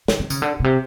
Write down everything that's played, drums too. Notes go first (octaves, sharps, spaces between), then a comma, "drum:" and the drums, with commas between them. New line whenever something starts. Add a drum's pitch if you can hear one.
D#3, drum: snare
D#3
C#3, drum: tambourine
D3
B2
C3